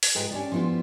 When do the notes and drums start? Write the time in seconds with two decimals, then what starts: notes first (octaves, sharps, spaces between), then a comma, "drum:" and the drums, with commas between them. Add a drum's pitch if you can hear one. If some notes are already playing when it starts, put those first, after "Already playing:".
0.03 drum: open hi-hat
0.15 G#2 F4 G#4 B4 G5 A#5
0.31 C#4 D4 G4 D5
0.52 F3 G3 B3 E4 F4